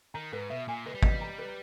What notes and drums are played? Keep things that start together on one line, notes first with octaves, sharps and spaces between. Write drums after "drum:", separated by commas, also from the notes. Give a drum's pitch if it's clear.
D#3 A#5
G#2 B4
B2 E5
A#2 G#5
G#3 B4
G3
D#5, drum: kick G#1
A#5
B4